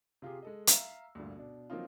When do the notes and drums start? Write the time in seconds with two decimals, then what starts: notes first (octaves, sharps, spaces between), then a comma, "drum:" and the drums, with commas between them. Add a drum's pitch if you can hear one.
0.22 C3 F4 G4 G#4
0.43 G#3 A4 D#5
0.67 E5 F5 A#5 E6, drum: hi-hat
1.15 D2 G2 A#2
1.36 B2 D4
1.70 F3 F#3 A#3 C4 D#4 F4